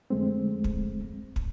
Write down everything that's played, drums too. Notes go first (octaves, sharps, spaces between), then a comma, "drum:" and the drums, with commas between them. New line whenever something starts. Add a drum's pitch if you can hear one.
F2 D3 G#3 A3 C4
drum: kick
drum: kick